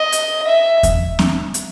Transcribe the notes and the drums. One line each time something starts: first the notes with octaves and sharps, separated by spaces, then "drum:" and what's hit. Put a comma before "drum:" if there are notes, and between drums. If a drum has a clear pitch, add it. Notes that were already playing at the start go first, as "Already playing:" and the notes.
Already playing: D#5
drum: hi-hat
E5
drum: kick E2, hi-hat
drum: snare C4
drum: hi-hat